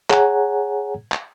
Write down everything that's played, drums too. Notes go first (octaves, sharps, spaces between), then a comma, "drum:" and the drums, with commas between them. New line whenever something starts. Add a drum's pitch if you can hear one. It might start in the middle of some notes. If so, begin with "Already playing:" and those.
G#4 C#5 F#5 G#5 A#5, drum: clap
drum: clap